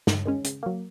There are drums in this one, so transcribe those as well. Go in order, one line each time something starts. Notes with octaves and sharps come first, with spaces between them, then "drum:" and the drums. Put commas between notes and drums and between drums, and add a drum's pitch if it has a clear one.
G2, drum: snare
D#3 G#3 C#4
C#3, drum: hi-hat
F#3 A#3